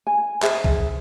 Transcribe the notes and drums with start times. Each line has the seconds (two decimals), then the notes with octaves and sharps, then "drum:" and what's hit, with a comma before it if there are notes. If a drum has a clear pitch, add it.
0.07 G#5
0.43 G#4 C5 E5, drum: clap
0.64 drum: kick B1